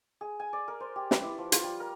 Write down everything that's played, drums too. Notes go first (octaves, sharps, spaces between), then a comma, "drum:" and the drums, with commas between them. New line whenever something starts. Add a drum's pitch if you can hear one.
G#4
G#5
D5
A#4
C5
G4
B4, drum: snare
E4
F3
F4, drum: hi-hat
G3
A#4